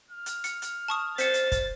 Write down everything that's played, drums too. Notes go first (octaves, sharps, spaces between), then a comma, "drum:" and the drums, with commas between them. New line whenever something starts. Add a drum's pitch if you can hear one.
F6
drum: hi-hat
C#7, drum: hi-hat
drum: hi-hat
A5 C#6 D#6
C5 A6 B6 C#7, drum: hi-hat
drum: hi-hat
drum: kick, hi-hat